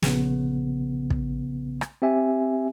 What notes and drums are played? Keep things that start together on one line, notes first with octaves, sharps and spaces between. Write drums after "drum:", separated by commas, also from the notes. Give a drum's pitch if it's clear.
A#1 C#3 B3, drum: snare
drum: kick
drum: rim click
C4 G4 E5 G#5